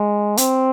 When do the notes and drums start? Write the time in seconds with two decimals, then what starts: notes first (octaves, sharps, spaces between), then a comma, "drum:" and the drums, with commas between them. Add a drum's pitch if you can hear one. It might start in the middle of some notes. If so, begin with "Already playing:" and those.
Already playing: G#3
0.37 C4, drum: hi-hat